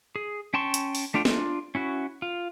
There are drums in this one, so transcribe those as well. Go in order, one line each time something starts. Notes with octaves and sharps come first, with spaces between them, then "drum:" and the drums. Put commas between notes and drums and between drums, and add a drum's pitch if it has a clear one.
G#4
C#4 G5 A5 C6 C#6
drum: hi-hat
drum: open hi-hat
A3 D4 F4 G5
D4 F4, drum: snare
C#4 E4 F#4
F4